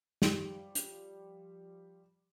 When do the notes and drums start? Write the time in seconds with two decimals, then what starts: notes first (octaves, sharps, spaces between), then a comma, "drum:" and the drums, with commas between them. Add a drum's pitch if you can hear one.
0.22 F3 G3, drum: snare
0.75 drum: hi-hat